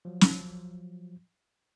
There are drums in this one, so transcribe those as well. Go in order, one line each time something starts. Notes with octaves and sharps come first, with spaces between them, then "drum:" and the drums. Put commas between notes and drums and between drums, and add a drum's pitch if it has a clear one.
F3 F#3
drum: snare